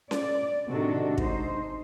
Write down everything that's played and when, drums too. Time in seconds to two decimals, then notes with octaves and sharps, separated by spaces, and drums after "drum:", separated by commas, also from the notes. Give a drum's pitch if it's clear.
0.11 D5, drum: snare C#4
0.67 A2 C3 D#3 D4 F#4 A4
1.18 G#3 D#4 C5, drum: kick